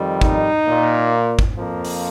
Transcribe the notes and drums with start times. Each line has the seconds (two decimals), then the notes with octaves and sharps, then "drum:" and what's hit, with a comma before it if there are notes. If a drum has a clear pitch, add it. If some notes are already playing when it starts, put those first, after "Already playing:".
Already playing: F2 D#3 G3
0.21 D#4, drum: kick
0.67 A#2 A#3
1.39 drum: kick
1.56 F2 F3 A#3
1.85 drum: open hi-hat